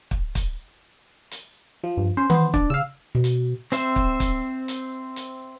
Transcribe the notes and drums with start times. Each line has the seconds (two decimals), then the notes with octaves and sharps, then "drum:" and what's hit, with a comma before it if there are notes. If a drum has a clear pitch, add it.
0.11 drum: kick
0.35 drum: kick, hi-hat
1.31 drum: hi-hat
1.84 F3
1.97 G2
2.17 C#4 C5
2.30 E3 B3 C5, drum: tom D#3
2.54 D4 D5, drum: kick
2.70 C#3 F5 E6
3.15 B2
3.24 drum: hi-hat
3.72 C4 C5 E5, drum: hi-hat
3.96 drum: kick
4.20 drum: kick, hi-hat
4.68 drum: hi-hat
5.16 drum: hi-hat